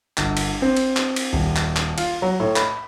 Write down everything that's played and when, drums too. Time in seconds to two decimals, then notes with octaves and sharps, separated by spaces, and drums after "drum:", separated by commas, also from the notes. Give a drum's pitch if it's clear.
0.18 G1, drum: clap
0.37 drum: cymbal
0.62 C4
0.77 drum: cymbal
0.96 drum: clap
1.16 drum: cymbal
1.33 D#1
1.56 drum: clap
1.76 drum: clap
1.98 F4, drum: cymbal
2.22 F#3
2.40 A2
2.56 B5, drum: clap